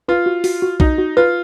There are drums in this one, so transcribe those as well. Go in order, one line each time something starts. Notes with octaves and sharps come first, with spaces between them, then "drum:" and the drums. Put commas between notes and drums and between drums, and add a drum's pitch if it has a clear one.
F4 B4
F#4
F#4, drum: open hi-hat
F#4
D#4 F#4, drum: kick B1
F#4
F4 B4